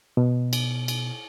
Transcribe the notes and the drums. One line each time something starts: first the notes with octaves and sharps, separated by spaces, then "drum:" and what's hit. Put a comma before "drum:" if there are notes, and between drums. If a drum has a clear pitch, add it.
B2
drum: cymbal
drum: cymbal